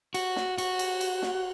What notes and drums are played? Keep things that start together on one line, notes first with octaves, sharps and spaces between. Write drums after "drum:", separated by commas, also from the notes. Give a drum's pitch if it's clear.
F#4, drum: cymbal
drum: snare
F#4, drum: cymbal
drum: cymbal
drum: cymbal
drum: snare